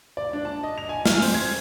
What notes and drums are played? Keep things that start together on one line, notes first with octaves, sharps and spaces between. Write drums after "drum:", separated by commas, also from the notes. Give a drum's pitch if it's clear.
D5
D4
A5
D#5
F7
G#5
F6, drum: snare
C4, drum: open hi-hat
G#6